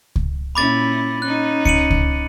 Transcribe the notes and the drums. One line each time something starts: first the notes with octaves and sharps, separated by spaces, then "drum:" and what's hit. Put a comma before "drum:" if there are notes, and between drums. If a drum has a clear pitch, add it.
drum: kick C#2
A#2 C#4 E4 B5 D6 A6
C#4 D#4 F#6
C#7 D#7 F#7, drum: kick C#2
drum: kick C#2